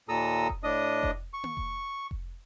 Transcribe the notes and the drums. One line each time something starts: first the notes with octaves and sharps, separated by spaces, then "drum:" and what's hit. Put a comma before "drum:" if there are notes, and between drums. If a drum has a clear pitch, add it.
D#2 A#2 A4 A#5 D#6 E6
drum: kick F1
A2 D4 D#5 D#6
drum: kick F1
C#6
drum: tom A#3
drum: kick F1
drum: kick F1